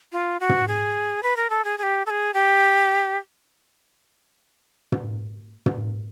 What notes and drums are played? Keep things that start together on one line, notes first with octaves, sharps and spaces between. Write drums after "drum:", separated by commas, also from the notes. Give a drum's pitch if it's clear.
F4
F#4
drum: tom
G#4
B4
A#4
A4
G#4
G#4
G4
A4
G#4
G4
drum: tom
drum: tom